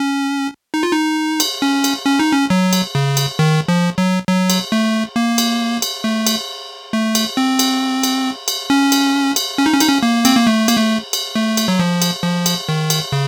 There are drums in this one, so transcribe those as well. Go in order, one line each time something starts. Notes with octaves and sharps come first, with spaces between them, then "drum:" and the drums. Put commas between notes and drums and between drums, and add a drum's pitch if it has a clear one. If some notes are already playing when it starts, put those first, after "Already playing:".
Already playing: C#4
D#4
F4
D#4
drum: cymbal
C#4
drum: cymbal
C#4
D#4
C#4
F#3
drum: cymbal
C#3
drum: cymbal
D#3
F3
F#3
F#3
drum: cymbal
A3
A#3
drum: cymbal
drum: cymbal
A3
drum: cymbal
A3
drum: cymbal
C4
drum: cymbal
drum: cymbal
drum: cymbal
C#4
drum: cymbal
drum: cymbal
C#4
D#4
C#4
D#4, drum: cymbal
C#4
A#3
C4, drum: cymbal
A#3
A3
A#3, drum: cymbal
A3
drum: cymbal
A3
drum: cymbal
F#3
F3
drum: cymbal
F3
drum: cymbal
D#3
drum: cymbal
C#3